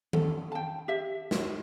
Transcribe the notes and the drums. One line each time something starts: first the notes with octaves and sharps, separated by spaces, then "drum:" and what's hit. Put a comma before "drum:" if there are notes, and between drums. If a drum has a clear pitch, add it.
A4, drum: tom D#3
G5 A5
G4 E5
F#4, drum: snare